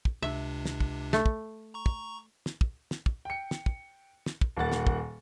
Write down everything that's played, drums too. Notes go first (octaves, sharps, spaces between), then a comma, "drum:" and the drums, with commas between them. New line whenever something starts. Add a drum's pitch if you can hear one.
drum: kick
C#2 C3 D4 E5
drum: snare
drum: kick
A3, drum: snare
drum: kick
A#5 C#6
drum: kick
drum: snare
drum: kick
drum: snare
drum: kick
G5 C#7
drum: snare
drum: kick
drum: snare
drum: kick
D#1 A#3 F#5 A6
drum: snare
drum: kick